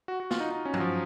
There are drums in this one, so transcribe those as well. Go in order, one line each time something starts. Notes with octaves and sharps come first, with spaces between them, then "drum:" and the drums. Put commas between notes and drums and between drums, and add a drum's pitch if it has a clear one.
F#4
F#4
F4, drum: snare A#3
D#4
D#4
C#4
F#3, drum: tom G2
F3